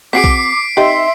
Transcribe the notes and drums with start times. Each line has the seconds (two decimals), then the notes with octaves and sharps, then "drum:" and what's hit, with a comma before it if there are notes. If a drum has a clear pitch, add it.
0.13 C4 F#4 G#4 D6 B6 C7 D7
0.24 drum: kick
0.77 C4 D#4 G4 E5 C6